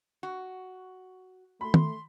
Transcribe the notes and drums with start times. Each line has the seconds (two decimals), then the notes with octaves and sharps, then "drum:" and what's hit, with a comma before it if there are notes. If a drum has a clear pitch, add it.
0.23 F#4
1.61 A3 B5 C6
1.74 drum: tom